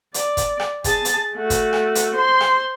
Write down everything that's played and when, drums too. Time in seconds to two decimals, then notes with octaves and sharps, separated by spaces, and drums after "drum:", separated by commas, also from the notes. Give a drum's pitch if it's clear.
0.14 D5, drum: hi-hat
0.37 drum: kick, hi-hat
0.60 drum: rim click
0.84 G#4 A5, drum: kick, hi-hat
1.05 drum: hi-hat
1.35 A3 F#4
1.50 drum: kick, hi-hat
1.73 drum: rim click
1.95 drum: hi-hat
2.15 C5 C6
2.41 drum: rim click